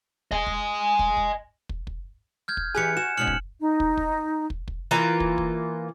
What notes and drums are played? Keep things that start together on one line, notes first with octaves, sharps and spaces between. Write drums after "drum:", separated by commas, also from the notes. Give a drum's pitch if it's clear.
D#5 G#5, drum: kick
drum: kick
drum: kick
drum: kick
drum: kick
drum: kick
F6 G6 G#6
drum: kick
E3 G4 G#4 G#5 F#6 C#7
F#4 E7
G#2 B2 C#4 F6 C#7 F#7
drum: kick
D#4
drum: kick
drum: kick
drum: kick
drum: kick
E3 A#3 F4 A#5
drum: kick
drum: kick